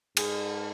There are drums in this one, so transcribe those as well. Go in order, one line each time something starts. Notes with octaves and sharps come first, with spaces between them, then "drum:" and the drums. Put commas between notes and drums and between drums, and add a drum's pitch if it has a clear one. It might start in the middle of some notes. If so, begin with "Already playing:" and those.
G#2 G#4, drum: cymbal